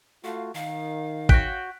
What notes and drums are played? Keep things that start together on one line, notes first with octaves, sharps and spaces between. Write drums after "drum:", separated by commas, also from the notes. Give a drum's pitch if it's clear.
A3 F4 F#4 F5
D#3 F5
F#4 C#5 G5 F#6 B6 D7, drum: kick